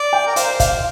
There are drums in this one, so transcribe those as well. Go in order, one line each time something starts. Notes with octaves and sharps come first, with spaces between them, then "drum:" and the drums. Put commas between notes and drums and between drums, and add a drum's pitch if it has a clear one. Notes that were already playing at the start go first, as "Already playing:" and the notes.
Already playing: D5
G5
A#4
C5 F5, drum: hi-hat
F5, drum: kick G1, hi-hat